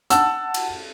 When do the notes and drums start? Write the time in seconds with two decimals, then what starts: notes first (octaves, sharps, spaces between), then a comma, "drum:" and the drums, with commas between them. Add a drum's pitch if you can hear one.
0.10 F#5 A5 E6, drum: hi-hat
0.54 drum: cymbal